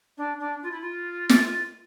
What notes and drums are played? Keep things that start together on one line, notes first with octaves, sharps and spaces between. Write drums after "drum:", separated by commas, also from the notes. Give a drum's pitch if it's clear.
D4
D4
F4
E4
F4
drum: snare